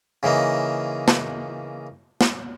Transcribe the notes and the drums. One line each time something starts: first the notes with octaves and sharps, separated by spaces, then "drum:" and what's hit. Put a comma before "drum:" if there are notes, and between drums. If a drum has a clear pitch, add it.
C#3 E3 A#3 D#4
drum: snare
drum: snare